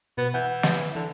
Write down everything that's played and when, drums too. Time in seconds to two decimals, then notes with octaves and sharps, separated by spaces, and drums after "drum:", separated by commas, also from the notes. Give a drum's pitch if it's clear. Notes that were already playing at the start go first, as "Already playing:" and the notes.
0.18 B2 B3
0.34 E3 F#5 G6
0.63 drum: snare
0.95 D3 E3